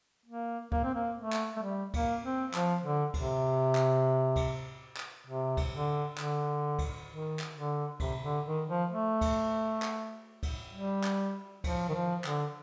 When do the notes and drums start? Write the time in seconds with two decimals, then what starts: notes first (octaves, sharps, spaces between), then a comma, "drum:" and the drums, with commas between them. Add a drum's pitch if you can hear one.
0.26 A#3
0.72 A#3, drum: kick
0.84 C4
0.95 A#3
1.17 A3
1.33 drum: clap
1.56 A3
1.63 G3
1.94 A#3, drum: kick, cymbal
2.24 C4
2.54 F3, drum: clap
2.84 D3
3.14 C3, drum: kick, cymbal
3.75 drum: clap
4.36 drum: kick, cymbal
4.97 drum: clap
5.27 C3
5.57 drum: kick, cymbal
5.72 D3
6.17 D3, drum: clap
6.79 drum: kick, cymbal
7.09 D#3
7.39 drum: clap
7.54 D3
8.00 C3, drum: kick, cymbal
8.23 D3
8.46 D#3
8.68 F3
8.91 A3
9.21 drum: kick, cymbal
9.82 drum: clap
10.43 drum: kick, cymbal
10.73 G3
11.03 drum: clap
11.64 F3, drum: kick, cymbal
11.89 D#3
11.94 F3
12.24 D3, drum: clap